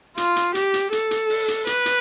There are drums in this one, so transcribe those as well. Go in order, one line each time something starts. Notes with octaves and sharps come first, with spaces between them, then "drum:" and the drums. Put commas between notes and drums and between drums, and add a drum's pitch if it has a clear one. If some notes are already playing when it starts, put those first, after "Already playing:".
F4, drum: hi-hat
drum: hi-hat
G4, drum: hi-hat
drum: hi-hat
A4, drum: hi-hat
drum: hi-hat
drum: open hi-hat
drum: hi-hat
B4, drum: hi-hat
drum: hi-hat